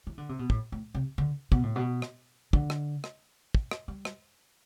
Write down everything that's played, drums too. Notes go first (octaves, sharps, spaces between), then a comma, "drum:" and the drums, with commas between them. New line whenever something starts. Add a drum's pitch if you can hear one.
E3
D3
C3
B2
A2, drum: kick
A2
C3
D3
B2, drum: kick
A2
B2
drum: rim click
D3, drum: kick
drum: rim click
drum: rim click
drum: kick
drum: rim click
G3
drum: rim click